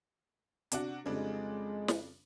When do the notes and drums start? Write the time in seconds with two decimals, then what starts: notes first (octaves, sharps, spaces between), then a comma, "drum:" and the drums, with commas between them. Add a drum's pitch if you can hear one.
0.72 C3 D4 F#4, drum: hi-hat
1.06 F2 C#3 G3 G#3 D4
1.88 drum: snare